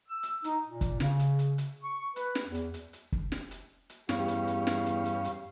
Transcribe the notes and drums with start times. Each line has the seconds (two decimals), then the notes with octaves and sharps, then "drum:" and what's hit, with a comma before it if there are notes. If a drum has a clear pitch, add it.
0.09 E6
0.23 drum: hi-hat
0.44 D#4, drum: hi-hat
0.67 A#2
0.81 drum: kick, hi-hat
1.00 C#3, drum: snare
1.20 drum: hi-hat
1.39 drum: hi-hat
1.58 drum: hi-hat
1.84 C#6
2.16 B4, drum: hi-hat
2.35 drum: snare
2.46 E2
2.55 drum: hi-hat
2.74 drum: hi-hat
2.93 drum: hi-hat
3.12 drum: kick
3.32 drum: snare
3.51 drum: hi-hat
3.90 drum: hi-hat
4.09 E2 G2 C#4 G4 F5, drum: snare
4.28 drum: hi-hat
4.47 drum: hi-hat
4.67 drum: snare
4.86 drum: hi-hat
5.05 drum: hi-hat
5.25 drum: hi-hat